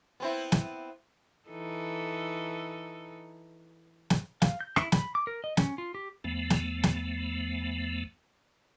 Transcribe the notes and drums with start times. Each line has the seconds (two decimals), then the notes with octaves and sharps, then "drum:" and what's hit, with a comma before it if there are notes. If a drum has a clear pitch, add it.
0.20 B3 C4 E4
0.52 drum: snare
1.49 E3 D#4 A4
4.10 drum: snare
4.42 F5, drum: snare
4.61 G6
4.76 E4, drum: rim click
4.92 B5, drum: snare
5.15 D6
5.27 A#4
5.44 D#5
5.57 C#4, drum: snare
5.78 F4
5.95 G4
6.24 E2 F3 A3 B3
6.50 drum: snare
6.83 drum: snare